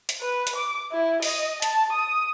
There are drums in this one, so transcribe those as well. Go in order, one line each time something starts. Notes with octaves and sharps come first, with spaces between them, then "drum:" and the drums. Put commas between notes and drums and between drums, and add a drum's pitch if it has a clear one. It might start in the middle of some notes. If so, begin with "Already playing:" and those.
drum: hi-hat
B4
drum: hi-hat
D6
E4
D#5, drum: open hi-hat
A5, drum: hi-hat
D#6